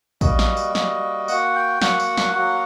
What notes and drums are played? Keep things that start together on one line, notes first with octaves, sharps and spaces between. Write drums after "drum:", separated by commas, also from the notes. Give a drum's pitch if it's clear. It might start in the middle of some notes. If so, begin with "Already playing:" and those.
G3 A#3 F#4 D#5, drum: kick, tambourine
drum: snare
drum: tambourine
G3 A#3 F#4, drum: snare
A#3 F#4 F#5, drum: tambourine
G5
A#3 F#4 F#5, drum: snare
drum: tambourine
drum: snare
F#3 A#3 F#4